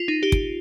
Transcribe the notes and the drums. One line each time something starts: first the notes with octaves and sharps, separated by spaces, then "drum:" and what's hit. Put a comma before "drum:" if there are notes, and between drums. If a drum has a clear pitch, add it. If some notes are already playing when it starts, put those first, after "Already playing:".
Already playing: F4
D#4
G4
drum: kick